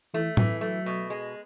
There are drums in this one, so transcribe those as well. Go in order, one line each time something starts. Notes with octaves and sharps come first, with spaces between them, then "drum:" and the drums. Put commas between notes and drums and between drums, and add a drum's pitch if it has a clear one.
E3 A3
E3, drum: tom A2
F#3 A3
B2
G#3